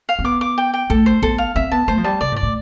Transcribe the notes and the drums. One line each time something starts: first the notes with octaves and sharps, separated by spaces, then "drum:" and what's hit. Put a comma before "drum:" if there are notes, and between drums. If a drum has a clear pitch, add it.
F5
C4
B3 D6
D6
G5
G5
A3 A4, drum: kick
C5
B3 A4, drum: kick
F5
C4 E5
B3 A5
A3 C5
F3
G3 A5
C3 D5
A2
D5
A2